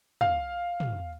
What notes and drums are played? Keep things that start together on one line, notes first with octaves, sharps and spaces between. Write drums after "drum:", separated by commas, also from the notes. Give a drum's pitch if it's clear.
F5, drum: tom
drum: tom